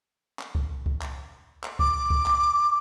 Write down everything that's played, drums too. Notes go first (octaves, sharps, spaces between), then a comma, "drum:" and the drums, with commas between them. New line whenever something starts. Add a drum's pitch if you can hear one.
drum: clap
drum: kick C2
drum: kick C2
drum: clap
drum: clap
D6, drum: kick C2
drum: kick C2
drum: clap